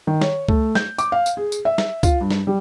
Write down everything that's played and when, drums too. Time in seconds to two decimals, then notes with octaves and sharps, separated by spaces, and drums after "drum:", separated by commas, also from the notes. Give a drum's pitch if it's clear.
0.07 D#3
0.21 C#5, drum: snare
0.49 A3, drum: kick
0.75 G6, drum: snare
0.98 D6, drum: tambourine
1.12 F5
1.26 drum: tambourine
1.37 G#4
1.52 drum: tambourine
1.65 E5
1.78 drum: snare
2.03 F4, drum: kick, tambourine
2.21 G2
2.30 drum: snare
2.47 G3